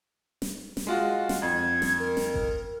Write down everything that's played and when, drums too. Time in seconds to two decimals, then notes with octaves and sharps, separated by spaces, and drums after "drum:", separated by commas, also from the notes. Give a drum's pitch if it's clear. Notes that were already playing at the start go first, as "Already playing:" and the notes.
0.42 drum: snare
0.77 drum: snare
0.87 G#3 F4 F#4
1.29 drum: snare
1.42 F2 G#6
1.82 drum: snare
1.99 A#4
2.17 drum: snare
2.34 drum: kick G1